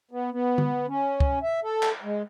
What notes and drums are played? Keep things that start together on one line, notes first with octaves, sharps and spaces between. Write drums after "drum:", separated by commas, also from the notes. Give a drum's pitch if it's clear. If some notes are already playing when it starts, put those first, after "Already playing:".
B3
B3
drum: tom D3
C#4
drum: kick C#2
E5
A4
drum: clap
G#3